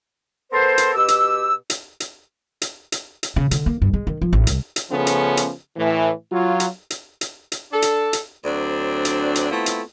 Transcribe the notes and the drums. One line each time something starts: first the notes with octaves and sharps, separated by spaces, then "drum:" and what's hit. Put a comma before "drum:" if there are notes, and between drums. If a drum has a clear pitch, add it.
B3 A4 A#4 C5
drum: hi-hat
B2 G4 E6
drum: hi-hat
drum: hi-hat
drum: hi-hat
drum: hi-hat
drum: hi-hat
drum: hi-hat
C#3
D3, drum: hi-hat
A#3
G2
G#3
D#3
F3
A1
C2, drum: hi-hat
drum: hi-hat
C#3 F3 A3 B3 C#4
drum: hi-hat
drum: hi-hat
A2 E3
F#3 F4
drum: hi-hat
drum: hi-hat
drum: hi-hat
drum: hi-hat
D4 A4
drum: hi-hat
drum: hi-hat
D2 F#3 C4 D4
drum: hi-hat
drum: hi-hat
A3 B3 C4 E4 F4
drum: hi-hat